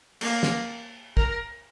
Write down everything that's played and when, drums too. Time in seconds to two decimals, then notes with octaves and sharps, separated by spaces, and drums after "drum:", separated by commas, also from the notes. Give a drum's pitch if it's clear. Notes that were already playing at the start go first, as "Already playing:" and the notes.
0.21 A#3, drum: cymbal
0.43 drum: snare
1.17 A#4, drum: kick